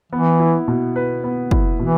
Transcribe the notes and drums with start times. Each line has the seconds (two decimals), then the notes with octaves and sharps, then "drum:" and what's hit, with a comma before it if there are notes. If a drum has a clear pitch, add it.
0.12 E3 B3
0.40 E4
0.68 B2
0.96 B4
1.24 B3
1.51 E4, drum: kick
1.79 B2 E3